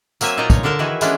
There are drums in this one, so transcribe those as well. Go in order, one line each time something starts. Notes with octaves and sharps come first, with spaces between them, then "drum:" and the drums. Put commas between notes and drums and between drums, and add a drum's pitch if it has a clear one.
F#3 A#3 C4 E5 G#5, drum: tambourine
A#2 D#4 F4 D5 D#5 A#5
C#5, drum: kick, tambourine
D3 D4 A4 A#4 A5
D#3 E3 E4 F#4 G#4
E3 G#3 A3 B3 C#4 D4, drum: tambourine